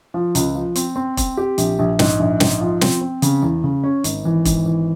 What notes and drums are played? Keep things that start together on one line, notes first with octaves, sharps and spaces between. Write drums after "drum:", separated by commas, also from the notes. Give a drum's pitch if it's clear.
F3
C#2, drum: hi-hat
F3
C4, drum: hi-hat
C4
C4, drum: kick E1, hi-hat
G4
A#1, drum: hi-hat
A#1
G#2, drum: snare
A#1
G#2, drum: snare
F3
C4, drum: snare
C4
C#3, drum: hi-hat
E2
C#3
C#4
G#1, drum: hi-hat
E3
G#1, drum: kick E1, hi-hat
E3